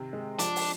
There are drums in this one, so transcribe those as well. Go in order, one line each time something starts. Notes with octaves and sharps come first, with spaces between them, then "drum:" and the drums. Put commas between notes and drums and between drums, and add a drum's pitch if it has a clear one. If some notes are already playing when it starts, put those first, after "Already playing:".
Already playing: C3 D#3 C4
G#3
F3 D4, drum: hi-hat
drum: open hi-hat